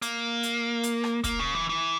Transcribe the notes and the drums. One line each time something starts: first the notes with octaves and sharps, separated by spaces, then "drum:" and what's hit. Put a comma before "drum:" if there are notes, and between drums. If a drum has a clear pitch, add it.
A#3, drum: hi-hat
drum: hi-hat
drum: hi-hat
drum: rim click
A#3, drum: kick, hi-hat
C#3
E3
E3